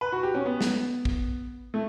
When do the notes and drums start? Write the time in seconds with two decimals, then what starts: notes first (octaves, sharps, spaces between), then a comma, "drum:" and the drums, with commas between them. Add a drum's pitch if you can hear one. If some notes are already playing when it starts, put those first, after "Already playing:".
0.01 B4
0.12 F#4
0.23 G4
0.34 C#4
0.46 B3
0.61 drum: snare
1.05 drum: kick
1.74 A3